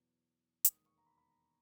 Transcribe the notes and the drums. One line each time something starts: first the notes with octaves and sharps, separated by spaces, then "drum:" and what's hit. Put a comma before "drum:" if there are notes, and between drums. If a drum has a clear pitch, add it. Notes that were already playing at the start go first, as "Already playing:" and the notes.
Already playing: E2 B2 F#3 B3
E1 D#2 D#3 G#3 B3 D#6, drum: hi-hat
C#6
A#5
B5
B5
A#5